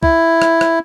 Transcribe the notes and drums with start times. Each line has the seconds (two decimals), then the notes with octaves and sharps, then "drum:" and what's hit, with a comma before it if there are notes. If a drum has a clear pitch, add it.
0.03 E4, drum: kick
0.42 drum: rim click
0.61 drum: rim click